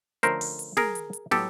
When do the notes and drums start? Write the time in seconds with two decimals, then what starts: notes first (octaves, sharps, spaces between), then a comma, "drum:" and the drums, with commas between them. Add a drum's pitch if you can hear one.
0.23 D3 F3 A3 C#4 A#4 C5, drum: hi-hat
0.41 drum: open hi-hat
0.59 drum: hi-hat
0.77 G#4 A#4, drum: snare
0.95 drum: hi-hat
1.13 drum: hi-hat
1.31 A2 F#3 B3 G4 A4, drum: snare